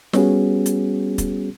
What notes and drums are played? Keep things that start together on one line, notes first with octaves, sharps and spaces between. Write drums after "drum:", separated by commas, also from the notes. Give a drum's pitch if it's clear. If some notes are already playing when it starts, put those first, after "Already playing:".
G3 B3 C#4 F#4 G#4, drum: snare
drum: hi-hat
drum: kick, hi-hat